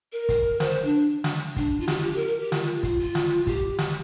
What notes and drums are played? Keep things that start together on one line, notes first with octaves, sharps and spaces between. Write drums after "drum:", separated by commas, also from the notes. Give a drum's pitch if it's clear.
A#4
drum: kick, hi-hat
C5, drum: snare
D4
drum: snare
D4, drum: kick, hi-hat
F4
G4, drum: snare
F4
G4
A#4
A#4
G4
F4, drum: snare
drum: kick, hi-hat
F4
drum: snare
G4, drum: kick, hi-hat
drum: snare